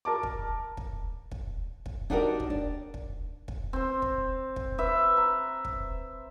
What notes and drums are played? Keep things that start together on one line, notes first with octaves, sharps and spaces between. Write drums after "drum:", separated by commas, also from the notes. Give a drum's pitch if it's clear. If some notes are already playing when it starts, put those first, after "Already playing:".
A#4 A5 D6
drum: kick
drum: kick
drum: kick
drum: kick
D4 D#4 F#4 G4 A#4 D5
drum: kick
D5
drum: kick
drum: kick
C4 C5
drum: kick
drum: kick
B4 E5
A#5
drum: kick